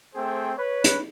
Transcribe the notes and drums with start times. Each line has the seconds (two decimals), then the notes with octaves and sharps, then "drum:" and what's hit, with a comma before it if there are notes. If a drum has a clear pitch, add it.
0.15 A3 C4 G#4 C5 G5
0.58 B4 C#5
0.84 drum: hi-hat